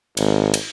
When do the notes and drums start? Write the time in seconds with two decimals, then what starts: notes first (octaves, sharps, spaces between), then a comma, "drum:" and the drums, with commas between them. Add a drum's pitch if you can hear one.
0.17 G#1, drum: cymbal
0.54 drum: cymbal